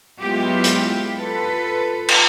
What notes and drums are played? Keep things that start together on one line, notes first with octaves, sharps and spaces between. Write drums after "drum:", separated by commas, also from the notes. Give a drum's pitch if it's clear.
F#3 G#3 B3 E4 F4 G4
drum: hi-hat
F4 A4 B4
drum: cymbal